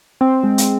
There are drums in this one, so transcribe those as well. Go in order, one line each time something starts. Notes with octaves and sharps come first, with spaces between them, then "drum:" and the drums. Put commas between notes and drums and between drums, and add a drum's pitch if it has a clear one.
C4
G#3
drum: hi-hat